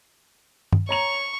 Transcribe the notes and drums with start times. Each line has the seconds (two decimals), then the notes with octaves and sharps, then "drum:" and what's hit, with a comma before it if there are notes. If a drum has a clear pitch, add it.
0.73 drum: tom G2
0.89 C#5 A#5 C#6 F7